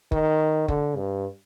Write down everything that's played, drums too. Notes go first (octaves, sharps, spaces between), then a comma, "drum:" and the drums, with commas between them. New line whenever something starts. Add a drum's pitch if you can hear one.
D#3, drum: kick F#1
D3, drum: kick F#1
G2